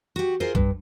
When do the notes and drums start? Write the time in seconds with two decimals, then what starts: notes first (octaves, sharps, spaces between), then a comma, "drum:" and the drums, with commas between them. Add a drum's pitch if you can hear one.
0.16 F#4 G4
0.40 F4 G#4 A#4 C5
0.55 G2, drum: kick B1